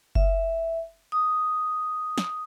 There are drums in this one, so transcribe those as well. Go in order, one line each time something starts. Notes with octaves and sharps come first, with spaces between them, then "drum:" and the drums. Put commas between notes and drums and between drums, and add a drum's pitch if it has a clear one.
E5, drum: kick F#1
D#6
drum: snare